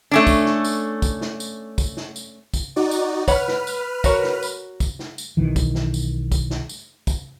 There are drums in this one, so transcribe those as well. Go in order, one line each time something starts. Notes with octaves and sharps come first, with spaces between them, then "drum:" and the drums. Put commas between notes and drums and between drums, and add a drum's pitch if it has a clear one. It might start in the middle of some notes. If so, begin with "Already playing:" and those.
A3 C#4 D4
drum: kick, tambourine
drum: snare
drum: tambourine
drum: kick, tambourine
drum: snare
drum: tambourine
drum: kick, tambourine
drum: snare
drum: tambourine
drum: kick, tambourine
D#4 F#4 D5
drum: tambourine
B4 C#5 F#5 B5 F6, drum: kick, tambourine
drum: snare
drum: tambourine
F#4 A#4 C#5, drum: kick, tambourine
drum: snare
drum: tambourine
drum: kick, tambourine
drum: snare
drum: tambourine
B1 D#3 E3
drum: kick, tambourine
drum: snare
drum: tambourine
drum: kick, tambourine
drum: snare
drum: tambourine
drum: kick, tambourine